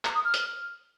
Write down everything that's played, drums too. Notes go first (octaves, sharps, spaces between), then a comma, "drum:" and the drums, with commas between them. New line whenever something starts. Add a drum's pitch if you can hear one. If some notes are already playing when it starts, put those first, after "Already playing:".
A#5, drum: clap
D#6
F6
drum: hi-hat